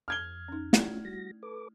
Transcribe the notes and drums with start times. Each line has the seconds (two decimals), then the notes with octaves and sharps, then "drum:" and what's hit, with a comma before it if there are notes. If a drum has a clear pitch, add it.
0.08 F2 F6 G#6 G7
0.48 C#4 D#4
0.73 A3 C#4 E4 F4 D5, drum: snare
1.05 G3 F#4 A#6
1.43 A4 B4 D6